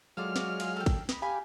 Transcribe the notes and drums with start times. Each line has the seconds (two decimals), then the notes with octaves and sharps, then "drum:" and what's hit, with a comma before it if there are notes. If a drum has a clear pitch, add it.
0.17 F#3 G#3 F4 A4 D5 F6
0.36 F4 F#4 D5, drum: snare
0.60 F4 G#4, drum: cymbal
0.76 A4 G5
0.86 drum: kick, cymbal
1.09 D#5 E5 B5, drum: snare
1.22 G4 F5 G#5 B5